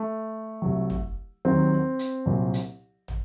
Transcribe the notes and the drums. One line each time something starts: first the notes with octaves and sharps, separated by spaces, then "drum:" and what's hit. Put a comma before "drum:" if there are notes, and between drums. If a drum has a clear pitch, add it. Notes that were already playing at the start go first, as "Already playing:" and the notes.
Already playing: A3
C2 C3 F#3
drum: tom
D#2 D#3 F#3 C4
drum: hi-hat
C2 A#2 F#3
drum: hi-hat
drum: tom